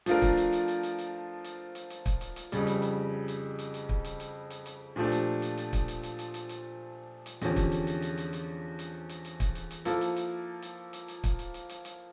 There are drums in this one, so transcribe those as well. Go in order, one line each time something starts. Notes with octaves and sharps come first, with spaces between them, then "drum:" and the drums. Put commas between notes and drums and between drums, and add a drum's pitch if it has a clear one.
F3 A3 D4 F4 A#4, drum: hi-hat
drum: kick, hi-hat
drum: hi-hat
drum: hi-hat
drum: hi-hat
drum: hi-hat
drum: hi-hat
drum: hi-hat
drum: hi-hat
drum: hi-hat
drum: kick, hi-hat
drum: hi-hat
drum: hi-hat
F2 C#3 G3, drum: hi-hat
drum: hi-hat
drum: hi-hat
drum: hi-hat
drum: hi-hat
drum: hi-hat
drum: kick
drum: hi-hat
drum: hi-hat
drum: hi-hat
drum: hi-hat
A#2 F3 A3 D4 G4
drum: hi-hat
drum: hi-hat
drum: hi-hat
drum: kick, hi-hat
drum: hi-hat
drum: hi-hat
drum: hi-hat
drum: hi-hat
drum: hi-hat
drum: hi-hat
E2 D3 F3 C#4 G4, drum: hi-hat
drum: kick, hi-hat
drum: hi-hat
drum: hi-hat
drum: hi-hat
drum: hi-hat
drum: hi-hat
drum: hi-hat
drum: hi-hat
drum: hi-hat
drum: kick, hi-hat
drum: hi-hat
drum: hi-hat
F3 A#3 E4 A4, drum: hi-hat
drum: hi-hat
drum: hi-hat
drum: hi-hat
drum: hi-hat
drum: hi-hat
drum: kick, hi-hat
drum: hi-hat
drum: hi-hat
drum: hi-hat
drum: hi-hat